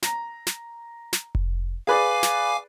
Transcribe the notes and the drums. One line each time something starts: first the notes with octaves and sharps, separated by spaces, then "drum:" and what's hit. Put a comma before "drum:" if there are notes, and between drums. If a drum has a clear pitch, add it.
A#5, drum: snare
drum: snare
drum: snare
drum: kick F1
G#4 B4 D5 F5 G#5 D6
drum: snare